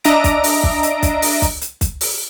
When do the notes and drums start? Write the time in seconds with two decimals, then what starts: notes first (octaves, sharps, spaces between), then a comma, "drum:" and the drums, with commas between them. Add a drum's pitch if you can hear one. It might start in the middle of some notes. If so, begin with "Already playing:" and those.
0.04 D4 D#5 E5 A#5 A#6 D7, drum: hi-hat
0.24 drum: kick, hi-hat
0.44 drum: open hi-hat
0.63 drum: kick
0.83 drum: hi-hat
1.03 drum: kick, hi-hat
1.22 drum: open hi-hat
1.42 drum: kick, hi-hat
1.61 drum: hi-hat
1.81 drum: kick, hi-hat
2.01 drum: open hi-hat